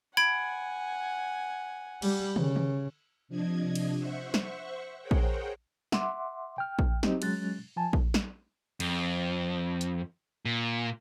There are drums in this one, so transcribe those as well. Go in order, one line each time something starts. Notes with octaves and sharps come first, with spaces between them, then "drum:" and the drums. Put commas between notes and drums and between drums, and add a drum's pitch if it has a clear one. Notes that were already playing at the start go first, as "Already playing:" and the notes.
F#5 G#5 B5 G#6 D7
G3, drum: cymbal
C#3, drum: tom
drum: tom
C3 F3 D4 D#5 G#6
drum: cymbal
C5 E5 F#5 C#6
drum: snare
G#4 A#4 C5 C#5 F#5 G5
drum: kick A#1
E5 F#5 C6 D6, drum: snare
G5 F6
drum: kick A#1
F#3 C4 D#4 G4 D#5, drum: snare
F#3 G#3 C#4 F#6 A6, drum: cymbal
F3 G#5 A5
drum: kick A#1
drum: snare
F2, drum: cymbal
drum: hi-hat
A#2